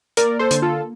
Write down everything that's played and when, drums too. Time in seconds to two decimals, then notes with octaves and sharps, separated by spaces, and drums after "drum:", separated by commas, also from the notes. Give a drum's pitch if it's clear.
0.17 A#3 A#4 D5, drum: hi-hat
0.39 A4 C5
0.51 D3, drum: hi-hat
0.62 F4 A4